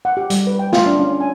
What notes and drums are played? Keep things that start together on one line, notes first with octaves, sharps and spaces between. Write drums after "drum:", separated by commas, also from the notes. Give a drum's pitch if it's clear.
F#5
G4
G3, drum: hi-hat
B4
G5
F4, drum: snare
D4
C#4
G#5